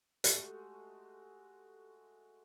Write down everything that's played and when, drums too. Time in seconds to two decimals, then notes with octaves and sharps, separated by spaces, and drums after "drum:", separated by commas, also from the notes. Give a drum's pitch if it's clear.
0.24 G#3 A3 F#4 G4 A4, drum: hi-hat